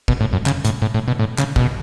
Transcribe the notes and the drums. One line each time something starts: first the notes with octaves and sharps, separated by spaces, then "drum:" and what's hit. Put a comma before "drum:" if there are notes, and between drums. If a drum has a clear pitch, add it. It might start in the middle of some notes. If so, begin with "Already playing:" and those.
B2, drum: kick
A2
F#2
C#3, drum: clap
A2, drum: hi-hat
A2
A2
B2
A2
C#3, drum: clap
B2, drum: kick